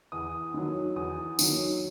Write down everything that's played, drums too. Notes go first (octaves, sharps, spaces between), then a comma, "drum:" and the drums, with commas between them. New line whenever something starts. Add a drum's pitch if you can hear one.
E2 D#6
D#3 F#3
E2 D#6
D#3 F#3, drum: tambourine